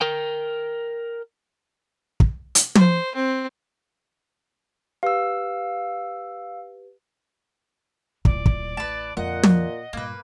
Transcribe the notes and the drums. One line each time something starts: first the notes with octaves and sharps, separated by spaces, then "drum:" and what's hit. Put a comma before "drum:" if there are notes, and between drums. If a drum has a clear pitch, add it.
A#4 G5
drum: kick
drum: hi-hat
C5, drum: tom
C4
G4 B4 F5 E6
D1 A#2 D5, drum: kick
drum: kick
A1 B4 A5
F2 A#2 D3 D#5 F#5
drum: tom
G2 A#2 A#3 B4